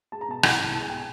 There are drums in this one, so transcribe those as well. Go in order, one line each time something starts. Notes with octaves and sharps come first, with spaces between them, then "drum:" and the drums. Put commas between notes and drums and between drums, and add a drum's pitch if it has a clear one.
G#3 A5
A#5
B2 A5
C2 A5, drum: rim click
C2
G#3 A5
G#5
B2 G5
G#5